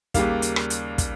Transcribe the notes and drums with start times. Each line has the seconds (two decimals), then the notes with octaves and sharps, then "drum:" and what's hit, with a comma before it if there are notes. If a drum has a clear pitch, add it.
0.14 D#2 C#3 G3 A#3 F5, drum: kick, hi-hat
0.42 drum: hi-hat
0.56 drum: rim click
0.70 drum: hi-hat
0.98 drum: kick, hi-hat